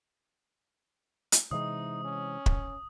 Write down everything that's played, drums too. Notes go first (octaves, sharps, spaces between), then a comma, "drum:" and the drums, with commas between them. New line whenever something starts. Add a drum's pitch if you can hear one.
drum: hi-hat
C3 E3 G#3 D#4 D#6
C#4
drum: kick